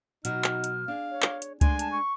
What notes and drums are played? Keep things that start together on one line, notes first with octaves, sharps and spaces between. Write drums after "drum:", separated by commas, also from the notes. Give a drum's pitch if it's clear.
B2 F#3 D#4 F#4 F6, drum: hi-hat
drum: clap
drum: hi-hat
D4 G#4 F5
C#5
drum: clap
drum: hi-hat
G#3 A3 D4 G#5 C6, drum: kick C#2, hi-hat
A5, drum: hi-hat
C#6